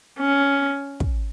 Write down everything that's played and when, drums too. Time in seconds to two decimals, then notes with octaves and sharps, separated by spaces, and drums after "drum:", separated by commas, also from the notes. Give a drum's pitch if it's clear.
0.20 C#4
1.00 drum: kick